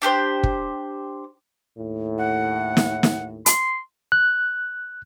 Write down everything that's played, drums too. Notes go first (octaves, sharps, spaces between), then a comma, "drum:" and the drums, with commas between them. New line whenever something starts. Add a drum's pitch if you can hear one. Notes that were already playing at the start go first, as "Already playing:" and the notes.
D4 G4 A4 C5
drum: kick
D#2 A2
F#5
drum: snare
drum: snare
C6, drum: hi-hat
F#6